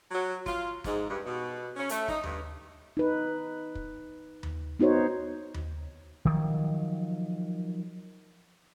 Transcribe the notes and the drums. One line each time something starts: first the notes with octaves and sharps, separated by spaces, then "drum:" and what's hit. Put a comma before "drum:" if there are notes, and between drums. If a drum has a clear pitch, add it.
F#3
F4, drum: snare
G#2, drum: snare
G2
B2
C#4
A3, drum: hi-hat
D#4, drum: snare
G2, drum: tom D#2
D#4 B4
drum: kick
drum: tom D#2
B3 D#4 F#4 C5 C#5
drum: tom D#2
D#3 F3 F#3